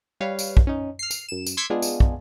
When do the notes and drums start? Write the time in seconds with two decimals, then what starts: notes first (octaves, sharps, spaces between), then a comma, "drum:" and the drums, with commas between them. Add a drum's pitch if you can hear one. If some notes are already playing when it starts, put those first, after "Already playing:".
0.20 G3 B4 C#5 F5
0.39 drum: tambourine
0.57 drum: kick
0.67 C#4 D#4
0.99 F6 C7
1.11 drum: tambourine
1.29 F#2 E7
1.46 drum: tambourine
1.57 C6 D6 E6 G#6 B6 C#7
1.70 G#3 B3 D4 F4 G#4
1.82 drum: tambourine
2.00 drum: kick